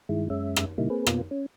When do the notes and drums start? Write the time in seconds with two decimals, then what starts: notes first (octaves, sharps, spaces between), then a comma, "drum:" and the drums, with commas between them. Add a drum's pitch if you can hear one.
0.09 G2 D#3 G#3 E4
0.30 F#2 G#3 C#4 E5
0.56 drum: rim click
0.78 A#2 C#3 G3 A#3 D#4 E4
0.90 A#3 C4 G#4 B4
1.06 B2 A#3 B3 F4, drum: rim click
1.31 C#4